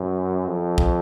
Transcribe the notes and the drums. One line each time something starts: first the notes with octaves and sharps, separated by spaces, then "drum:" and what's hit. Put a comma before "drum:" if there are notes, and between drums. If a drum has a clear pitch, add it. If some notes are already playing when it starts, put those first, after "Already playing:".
Already playing: F#2
F2
drum: kick